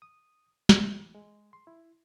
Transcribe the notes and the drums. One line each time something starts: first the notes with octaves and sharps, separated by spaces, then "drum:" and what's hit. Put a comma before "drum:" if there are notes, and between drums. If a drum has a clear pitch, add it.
D#6
E3, drum: snare
G#3
C6
E4